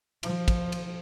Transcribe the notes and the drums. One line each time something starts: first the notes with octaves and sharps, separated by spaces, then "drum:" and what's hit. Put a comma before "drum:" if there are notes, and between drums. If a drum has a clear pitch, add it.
F3, drum: cymbal
drum: kick, cymbal
drum: cymbal